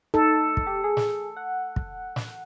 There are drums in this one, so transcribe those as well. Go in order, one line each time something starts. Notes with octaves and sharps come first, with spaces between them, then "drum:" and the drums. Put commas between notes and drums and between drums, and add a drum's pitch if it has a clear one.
D#4 A4
drum: kick
G4
G#4
drum: snare
F#5
drum: kick
drum: snare